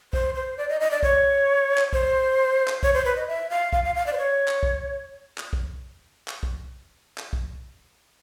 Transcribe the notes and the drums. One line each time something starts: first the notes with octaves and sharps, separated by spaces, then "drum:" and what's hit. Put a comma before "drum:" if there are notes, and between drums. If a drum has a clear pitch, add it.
C5, drum: kick
C5
D5
D#5
D#5
D5
C#5, drum: kick
drum: clap
C5, drum: kick
drum: clap
C#5, drum: kick
C5
B4
D#5
E5
F5
F5, drum: kick
F5
F5
D5
C5
C#5
drum: clap
drum: kick
drum: clap
drum: kick
drum: clap
drum: kick
drum: clap
drum: kick